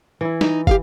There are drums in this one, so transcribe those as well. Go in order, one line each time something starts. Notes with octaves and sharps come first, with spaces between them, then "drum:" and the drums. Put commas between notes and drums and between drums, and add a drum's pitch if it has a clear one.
E3 E4
D#4, drum: snare
G4 G#4 F5, drum: kick